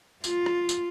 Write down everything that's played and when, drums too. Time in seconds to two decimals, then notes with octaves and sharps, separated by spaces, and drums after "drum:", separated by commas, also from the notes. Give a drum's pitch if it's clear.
0.24 F4, drum: tambourine
0.46 drum: rim click
0.69 drum: tambourine